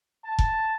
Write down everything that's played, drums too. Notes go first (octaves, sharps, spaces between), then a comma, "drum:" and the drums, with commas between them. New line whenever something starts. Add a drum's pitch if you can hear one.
A5
drum: kick F1